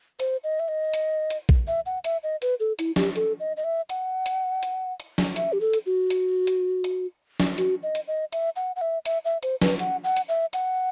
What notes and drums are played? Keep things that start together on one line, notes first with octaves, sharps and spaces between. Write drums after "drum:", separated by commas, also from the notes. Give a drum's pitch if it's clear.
C5, drum: hi-hat
D#5
E5
D#5
drum: hi-hat
drum: hi-hat
drum: kick A#1
E5
F#5
E5, drum: hi-hat
D#5
B4, drum: hi-hat
A4
E4, drum: hi-hat
G4, drum: snare
A4, drum: hi-hat
D#5
D#5
E5
F#5, drum: hi-hat
drum: hi-hat
drum: hi-hat
drum: hi-hat
drum: snare
E5, drum: hi-hat
G4
A4
drum: hi-hat
F#4
drum: hi-hat
drum: hi-hat
drum: hi-hat
drum: snare
F#4, drum: hi-hat
D#5
drum: hi-hat
D#5
E5, drum: hi-hat
F#5
F#5
E5
E5, drum: hi-hat
E5
C5, drum: hi-hat
B4, drum: snare
F#5, drum: hi-hat
F#5
drum: hi-hat
E5
F#5, drum: hi-hat